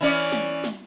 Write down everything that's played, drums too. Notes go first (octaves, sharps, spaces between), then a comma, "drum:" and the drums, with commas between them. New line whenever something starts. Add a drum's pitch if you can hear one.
E3 C#4 D5
drum: snare
drum: snare